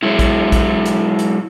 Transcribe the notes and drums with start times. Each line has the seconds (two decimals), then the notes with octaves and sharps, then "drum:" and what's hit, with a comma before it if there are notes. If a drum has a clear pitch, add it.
0.03 F#3 G#3 E4
0.19 drum: kick, hi-hat
0.52 drum: kick, hi-hat
0.86 drum: hi-hat
1.19 drum: hi-hat